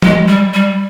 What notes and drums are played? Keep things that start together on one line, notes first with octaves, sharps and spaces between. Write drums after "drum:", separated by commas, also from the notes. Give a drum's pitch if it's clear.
G#3, drum: tom F3
G3
G3